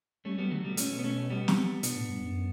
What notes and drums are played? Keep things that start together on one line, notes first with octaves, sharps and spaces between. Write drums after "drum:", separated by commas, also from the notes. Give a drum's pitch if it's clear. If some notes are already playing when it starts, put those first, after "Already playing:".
G3 A3 C#4
F#3 G3 B3
D3 F#3 A3
B2 G3 B3
A3 C#4, drum: hi-hat
B3
A3 C#4
G3 B3
drum: snare
B2 B3 D4, drum: hi-hat
A2
G2
F#2